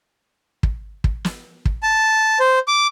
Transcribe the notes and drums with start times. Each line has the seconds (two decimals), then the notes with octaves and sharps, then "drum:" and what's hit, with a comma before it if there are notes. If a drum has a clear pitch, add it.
0.63 drum: kick
1.04 drum: kick
1.25 drum: snare
1.65 drum: kick
1.83 A5
2.40 C5
2.68 D6